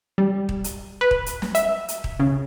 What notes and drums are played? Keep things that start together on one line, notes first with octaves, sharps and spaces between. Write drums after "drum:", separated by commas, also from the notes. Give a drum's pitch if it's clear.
G3
drum: kick D#1
drum: hi-hat
B4
drum: kick D#1
drum: hi-hat
drum: snare
E5, drum: hi-hat
drum: hi-hat
drum: kick D#1
C#3